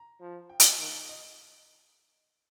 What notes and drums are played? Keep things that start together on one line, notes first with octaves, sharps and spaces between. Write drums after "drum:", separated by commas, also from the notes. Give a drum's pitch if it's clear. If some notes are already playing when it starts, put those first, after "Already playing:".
Already playing: A#5
F3
G5
F5, drum: hi-hat
D#5
D#3
D#5